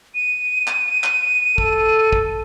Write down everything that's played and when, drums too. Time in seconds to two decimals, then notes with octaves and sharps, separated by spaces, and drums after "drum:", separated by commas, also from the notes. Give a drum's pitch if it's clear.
0.15 D#7
0.67 drum: clap
1.04 drum: clap
1.58 A4, drum: kick
2.13 drum: kick